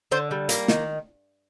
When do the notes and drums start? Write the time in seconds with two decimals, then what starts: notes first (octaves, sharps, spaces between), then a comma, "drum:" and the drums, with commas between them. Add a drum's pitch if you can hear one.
0.11 D3 C5
0.31 G3
0.49 A#3, drum: hi-hat
0.68 D#3, drum: snare